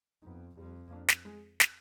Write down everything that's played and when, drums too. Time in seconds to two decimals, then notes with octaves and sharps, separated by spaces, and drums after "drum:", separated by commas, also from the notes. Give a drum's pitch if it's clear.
0.22 F2 B3 D#4
0.57 F2 G3
0.91 A#3 D4
1.08 drum: snare
1.25 G#3
1.60 drum: snare